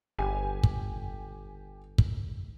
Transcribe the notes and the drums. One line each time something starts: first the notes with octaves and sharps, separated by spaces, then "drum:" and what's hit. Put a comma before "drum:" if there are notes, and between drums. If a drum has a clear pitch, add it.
G1 G4 G#5
drum: kick
drum: kick